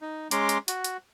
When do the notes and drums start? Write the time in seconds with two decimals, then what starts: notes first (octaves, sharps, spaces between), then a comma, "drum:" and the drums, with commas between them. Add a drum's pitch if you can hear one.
0.01 D#4
0.31 G#3 C#4 A#5 C6 D6, drum: hi-hat
0.49 drum: hi-hat
0.68 F#4, drum: hi-hat
0.84 drum: hi-hat